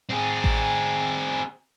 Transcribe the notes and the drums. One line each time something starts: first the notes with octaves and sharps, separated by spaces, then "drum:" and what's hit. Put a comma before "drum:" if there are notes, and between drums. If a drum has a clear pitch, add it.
C4 G#4
drum: kick A1